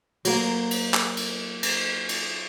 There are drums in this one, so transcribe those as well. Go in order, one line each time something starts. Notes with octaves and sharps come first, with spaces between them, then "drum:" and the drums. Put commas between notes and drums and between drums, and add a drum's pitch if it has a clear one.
F#3 A#3, drum: cymbal
drum: cymbal
drum: clap
drum: cymbal
drum: cymbal
drum: cymbal